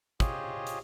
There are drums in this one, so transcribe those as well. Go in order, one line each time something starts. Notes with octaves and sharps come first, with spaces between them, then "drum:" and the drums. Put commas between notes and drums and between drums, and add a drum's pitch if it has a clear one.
F4 G4 G#4 C5 C#5 D#5, drum: kick, hi-hat
drum: hi-hat